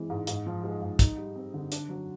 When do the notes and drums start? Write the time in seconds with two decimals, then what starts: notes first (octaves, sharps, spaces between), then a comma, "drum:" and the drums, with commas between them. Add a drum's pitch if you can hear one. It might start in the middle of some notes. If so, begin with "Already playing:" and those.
Already playing: E3 G#3 C4
0.10 G#2
0.27 G#2, drum: hi-hat
0.46 F3
0.64 G#3
0.82 G#2
0.99 D#4, drum: kick, hi-hat
1.17 G3
1.35 C4
1.54 D3
1.72 D4, drum: hi-hat
1.89 F#3